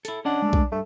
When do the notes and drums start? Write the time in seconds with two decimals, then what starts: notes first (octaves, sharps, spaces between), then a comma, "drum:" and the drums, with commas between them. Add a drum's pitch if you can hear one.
0.05 E4 A4, drum: hi-hat
0.25 C#4 D4 D#5 F#5
0.42 G#3 A3
0.53 drum: kick B1
0.72 G2 A3